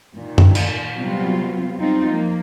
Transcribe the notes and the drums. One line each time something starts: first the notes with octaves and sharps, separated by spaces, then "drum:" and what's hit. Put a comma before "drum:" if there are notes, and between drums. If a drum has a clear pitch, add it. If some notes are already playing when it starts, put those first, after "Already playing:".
A#2 D#3
drum: tom F#2
drum: cymbal
C3 F#3 G3 B3 C4 F4
G3 C4 D#4 F4
F3 A#3